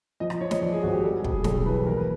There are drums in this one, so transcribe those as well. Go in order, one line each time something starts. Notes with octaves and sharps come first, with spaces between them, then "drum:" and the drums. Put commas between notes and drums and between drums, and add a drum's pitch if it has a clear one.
F3 D#5
drum: rim click
F3 C#5
D#5, drum: snare
F3 D5
G#4
G#1 F#4
G4
G3 A4
G#4
G3, drum: kick
G#4
B1 A4, drum: snare
E3 B4
D#2 A#4
B4